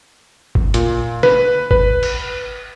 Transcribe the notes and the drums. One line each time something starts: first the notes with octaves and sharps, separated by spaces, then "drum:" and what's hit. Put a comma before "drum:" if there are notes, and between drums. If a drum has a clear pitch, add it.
drum: kick G1
A#2, drum: hi-hat
B4, drum: snare
B4, drum: kick G1
drum: cymbal